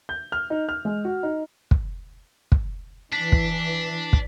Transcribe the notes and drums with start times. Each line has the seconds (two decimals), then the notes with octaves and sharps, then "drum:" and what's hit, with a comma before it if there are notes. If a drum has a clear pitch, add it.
0.09 G6
0.32 F6
0.50 D#4
0.69 F6
0.85 G#3
1.05 F#4
1.23 D#4
1.71 drum: kick
2.52 drum: kick
3.13 E3 D4 B6
3.32 drum: kick
4.13 drum: kick